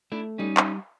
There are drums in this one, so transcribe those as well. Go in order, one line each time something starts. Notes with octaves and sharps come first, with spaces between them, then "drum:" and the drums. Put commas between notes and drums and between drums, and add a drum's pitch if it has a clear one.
A3 D4 E4
G3 C#4 D#4
drum: clap